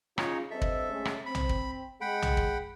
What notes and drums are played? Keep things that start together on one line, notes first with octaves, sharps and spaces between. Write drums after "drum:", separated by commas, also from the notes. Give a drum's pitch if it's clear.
C#3 D#4 F4 C#5, drum: rim click
G2 C4 A4 D#5 E5
drum: kick
G#3 A3 C#4
drum: rim click
C4 B5
drum: tom B1
drum: kick
G#3 F#5 G5 B5
drum: tom B1
drum: kick